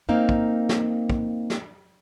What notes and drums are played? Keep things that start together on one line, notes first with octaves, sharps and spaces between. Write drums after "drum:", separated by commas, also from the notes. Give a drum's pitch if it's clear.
A#3 C4 D#4 F5
drum: kick
drum: snare
drum: kick
drum: snare